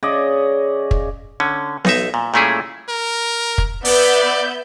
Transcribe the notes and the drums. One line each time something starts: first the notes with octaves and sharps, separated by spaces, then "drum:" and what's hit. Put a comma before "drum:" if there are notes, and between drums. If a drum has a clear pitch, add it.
C#3 D5 D#5 G#5
drum: kick
D3 C#4
B1 D#4 E5, drum: snare B3
A#2
A#2 G3 A3 C#4 E4 G#4
A#4
drum: kick
B3 D5 E5 G6, drum: open hi-hat